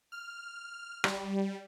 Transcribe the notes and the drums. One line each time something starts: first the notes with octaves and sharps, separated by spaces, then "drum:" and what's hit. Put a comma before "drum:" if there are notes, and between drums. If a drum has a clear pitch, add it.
F6
G3, drum: rim click